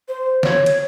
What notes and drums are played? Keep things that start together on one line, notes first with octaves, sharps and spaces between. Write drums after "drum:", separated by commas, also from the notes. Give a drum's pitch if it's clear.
C5
C#5, drum: snare
drum: cymbal